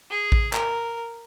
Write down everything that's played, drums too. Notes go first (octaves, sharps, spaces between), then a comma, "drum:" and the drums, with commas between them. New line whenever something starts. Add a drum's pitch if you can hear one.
G#4
drum: kick A1
A#4, drum: clap